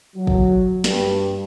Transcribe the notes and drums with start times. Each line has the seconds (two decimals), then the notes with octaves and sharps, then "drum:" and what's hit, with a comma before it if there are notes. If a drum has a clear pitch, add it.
0.15 F#3
0.27 drum: kick
0.84 G2, drum: snare